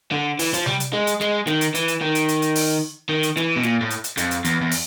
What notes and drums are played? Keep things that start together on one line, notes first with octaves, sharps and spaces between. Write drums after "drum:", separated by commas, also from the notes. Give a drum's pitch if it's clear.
D3
E3, drum: open hi-hat
F3, drum: hi-hat
G3, drum: tom C3
drum: hi-hat
G#3
drum: hi-hat
G#3, drum: snare
D#3, drum: snare
drum: hi-hat
E3, drum: hi-hat
drum: hi-hat
D#3
drum: hi-hat
drum: hi-hat
drum: hi-hat
drum: open hi-hat
D#3
drum: hi-hat
E3, drum: snare
B2
A#2, drum: snare
A2
drum: hi-hat
drum: hi-hat
F2, drum: hi-hat
drum: hi-hat
E2, drum: hi-hat
E2
drum: open hi-hat